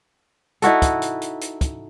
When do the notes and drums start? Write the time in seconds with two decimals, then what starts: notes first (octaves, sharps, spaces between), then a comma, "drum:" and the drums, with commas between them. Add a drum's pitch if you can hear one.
0.62 D#4 E4 F#4 A4, drum: hi-hat
0.82 drum: kick, hi-hat
1.02 drum: hi-hat
1.22 drum: hi-hat
1.41 drum: hi-hat
1.61 drum: kick, hi-hat